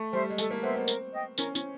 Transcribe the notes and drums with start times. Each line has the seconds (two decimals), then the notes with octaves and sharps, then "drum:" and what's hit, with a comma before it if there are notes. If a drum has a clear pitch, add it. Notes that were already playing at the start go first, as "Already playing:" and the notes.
Already playing: A3
0.13 G3 C5 E5
0.30 G#3
0.38 A3 A4, drum: tambourine
0.51 A#3
0.63 B3 C5 E5
0.75 C4
0.88 A#4, drum: tambourine
1.13 D#5 G5
1.38 C#4 A#4, drum: tambourine
1.55 C#4, drum: tambourine